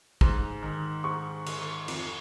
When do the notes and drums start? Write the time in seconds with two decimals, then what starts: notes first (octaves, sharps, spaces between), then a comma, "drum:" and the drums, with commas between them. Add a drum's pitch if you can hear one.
0.21 G#2, drum: kick
0.62 D#3
1.04 G#2 C#6
1.46 D#3, drum: cymbal
1.88 F2, drum: cymbal